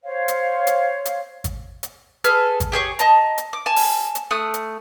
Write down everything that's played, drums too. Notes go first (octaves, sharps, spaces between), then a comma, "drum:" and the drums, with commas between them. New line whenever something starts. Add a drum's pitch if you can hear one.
C5 C#5 F5
drum: hi-hat
drum: hi-hat
drum: hi-hat
drum: kick, hi-hat
drum: hi-hat
G#4 A4 B4 F6, drum: hi-hat
drum: kick, hi-hat
G4 G#4 C5 C#5
D#5 A5 A#5, drum: hi-hat
drum: hi-hat
D6
G#5 A5
drum: open hi-hat
drum: hi-hat
A3 D#6 F#6
drum: hi-hat